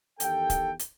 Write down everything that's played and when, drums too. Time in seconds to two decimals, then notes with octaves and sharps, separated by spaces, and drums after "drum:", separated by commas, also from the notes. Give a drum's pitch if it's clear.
0.20 E2 D#3 G4 A4 G5, drum: hi-hat
0.50 drum: kick, hi-hat
0.79 drum: hi-hat